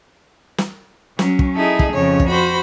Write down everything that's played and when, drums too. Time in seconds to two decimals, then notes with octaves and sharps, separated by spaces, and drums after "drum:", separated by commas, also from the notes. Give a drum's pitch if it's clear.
0.58 drum: snare
1.19 F#3 C#4, drum: snare
1.39 drum: kick
1.56 D#4 E4 G#4 A4
1.79 drum: kick
1.94 F2 C#3 C#5
2.20 drum: kick
2.30 F#4 C5 B5